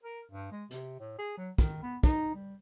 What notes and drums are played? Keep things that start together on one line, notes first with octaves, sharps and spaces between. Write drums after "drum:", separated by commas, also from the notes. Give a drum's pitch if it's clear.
A#4
G2
G#3
C3, drum: hi-hat
A2
G#4
F#3
D#3, drum: kick, hi-hat
B3
D#4, drum: kick, hi-hat
G3